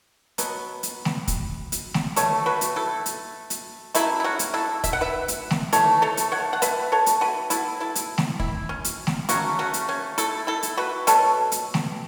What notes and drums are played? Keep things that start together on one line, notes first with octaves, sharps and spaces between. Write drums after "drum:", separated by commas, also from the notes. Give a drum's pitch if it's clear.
B2 F#3 B3, drum: hi-hat
drum: hi-hat
drum: snare A3
drum: kick, hi-hat
drum: hi-hat
drum: snare A3
B2 A3 A4 C#5, drum: hi-hat
F#4 B4
drum: hi-hat
E4 A4
drum: hi-hat
drum: hi-hat
C#3 F#3 A3 E4, drum: hi-hat
E4
C#4 F#4
drum: hi-hat
E4 A4
E5, drum: kick, hi-hat
F#5
B4 E5
drum: hi-hat
drum: snare A3
E3 A3 A4 C#5, drum: hi-hat
A4 C#5
drum: hi-hat
C#5 F#5
F#5
B4 E5, drum: hi-hat
A4 C#5
drum: hi-hat
F#4 B4
E3 B3 E4 A4, drum: hi-hat
E4 A4
drum: hi-hat
drum: snare A3
E4, drum: kick
C#4
drum: hi-hat
drum: snare A3
C#3 F#3 A3 C#4 F#4, drum: hi-hat
C#4 F#4
drum: hi-hat
C#4
E4 A4, drum: hi-hat
E4 A4
drum: hi-hat
F#4 B4
B2 B3 A4 C#5, drum: hi-hat
drum: hi-hat
drum: snare A3